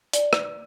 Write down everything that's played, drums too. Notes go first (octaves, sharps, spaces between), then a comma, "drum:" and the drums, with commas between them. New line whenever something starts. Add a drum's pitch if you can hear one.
D5, drum: hi-hat
drum: rim click